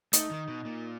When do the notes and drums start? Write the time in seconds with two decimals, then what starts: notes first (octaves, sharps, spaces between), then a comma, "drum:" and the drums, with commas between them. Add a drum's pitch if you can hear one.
0.13 A3 D#4, drum: hi-hat
0.31 D#3
0.48 B2
0.65 A#2